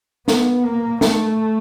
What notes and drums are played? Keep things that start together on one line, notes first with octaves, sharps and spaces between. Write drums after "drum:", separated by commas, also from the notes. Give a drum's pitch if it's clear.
B3, drum: snare
A#3
A3, drum: snare